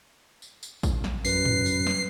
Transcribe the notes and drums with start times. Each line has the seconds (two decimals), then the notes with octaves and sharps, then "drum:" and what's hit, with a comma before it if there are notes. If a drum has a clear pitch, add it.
0.42 drum: tambourine
0.63 drum: tambourine
0.83 drum: kick A1, tambourine
1.04 drum: snare
1.25 F#2 B4 C7, drum: tambourine
1.45 drum: tom
1.66 drum: tambourine
1.87 drum: snare